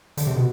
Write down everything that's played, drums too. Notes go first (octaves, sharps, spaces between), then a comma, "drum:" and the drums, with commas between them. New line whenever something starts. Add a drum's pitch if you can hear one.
D3, drum: hi-hat
C3
B2